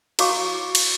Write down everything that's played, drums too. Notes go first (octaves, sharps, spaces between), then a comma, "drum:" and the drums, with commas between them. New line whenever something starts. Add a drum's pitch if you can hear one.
E4 F#4 C#5 F5 C#6 D6, drum: cymbal
drum: cymbal